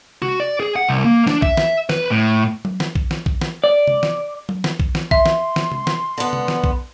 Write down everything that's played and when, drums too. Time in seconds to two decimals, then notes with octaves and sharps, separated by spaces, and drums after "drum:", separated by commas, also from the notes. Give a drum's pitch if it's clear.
0.22 F#4, drum: tom C3
0.40 D5
0.60 G#4
0.76 F#5
0.88 C2
1.05 A#3
1.27 D4, drum: snare
1.42 E5, drum: kick
1.57 drum: snare
1.90 B4, drum: snare
2.11 A2
2.65 drum: tom F#3
2.80 drum: snare
2.95 drum: kick
3.11 drum: snare
3.26 drum: kick
3.41 drum: snare
3.64 D5
3.88 drum: tom C3
4.03 drum: snare
4.49 drum: tom F#3
4.64 drum: snare
4.80 drum: kick
4.95 drum: snare
5.11 E5 C6, drum: kick
5.26 drum: snare
5.56 drum: snare
5.72 drum: tom C3
5.87 drum: snare
6.18 D3 B3
6.33 drum: tom C3
6.48 drum: snare
6.64 drum: kick